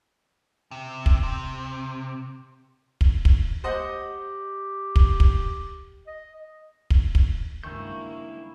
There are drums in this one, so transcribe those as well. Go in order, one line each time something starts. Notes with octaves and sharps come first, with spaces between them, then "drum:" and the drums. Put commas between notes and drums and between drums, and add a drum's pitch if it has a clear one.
C3
drum: kick
C3
drum: kick
drum: kick
G4 C5 D#5 F#5
drum: kick
drum: kick
D#5
drum: kick
drum: kick
F#1 G2 D#3 G#3 A#3 E4 C#6 G6